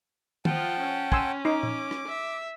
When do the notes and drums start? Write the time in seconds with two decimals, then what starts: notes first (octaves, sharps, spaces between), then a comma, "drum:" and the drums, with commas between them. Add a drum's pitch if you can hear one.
0.45 F3 F4 F#5 G5 A5, drum: tom
0.80 C#4
1.12 G#5 C6 E6, drum: kick
1.45 D#4 D6
1.63 drum: tom A#2
1.91 drum: rim click
2.08 E5